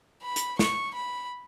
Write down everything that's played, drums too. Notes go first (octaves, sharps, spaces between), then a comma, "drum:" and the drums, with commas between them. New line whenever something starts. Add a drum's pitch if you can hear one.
B5
drum: hi-hat
C#6, drum: snare
B5